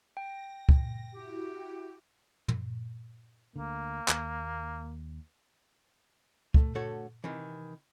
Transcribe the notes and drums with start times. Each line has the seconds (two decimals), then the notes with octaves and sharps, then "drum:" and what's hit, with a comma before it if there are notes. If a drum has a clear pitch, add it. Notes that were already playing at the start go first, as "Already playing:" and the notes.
0.17 G5 A#6
0.69 drum: kick
1.13 E4 F#4 G4
2.48 drum: tom
3.56 D2 D3 A#3
4.08 D#2, drum: clap
6.54 A3, drum: kick
6.75 D3 A3 F#4 A4 C#5
7.24 C3 D#3 E3